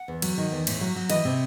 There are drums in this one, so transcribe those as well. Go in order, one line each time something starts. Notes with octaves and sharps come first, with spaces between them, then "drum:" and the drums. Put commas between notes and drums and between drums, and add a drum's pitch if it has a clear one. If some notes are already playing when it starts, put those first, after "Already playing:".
Already playing: F#5
E2
F#3, drum: cymbal
D#3
E2
A2, drum: cymbal
F#3
F#3
E3 D#5, drum: cymbal
C3